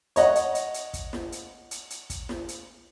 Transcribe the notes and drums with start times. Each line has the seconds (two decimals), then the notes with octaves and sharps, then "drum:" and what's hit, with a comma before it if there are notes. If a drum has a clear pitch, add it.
0.16 C#5 D#5 F#5, drum: hi-hat
0.35 drum: hi-hat
0.55 drum: hi-hat
0.74 drum: hi-hat
0.94 drum: kick, hi-hat
1.13 drum: snare
1.32 drum: hi-hat
1.71 drum: hi-hat
1.90 drum: hi-hat
2.10 drum: kick, hi-hat
2.29 drum: snare
2.48 drum: hi-hat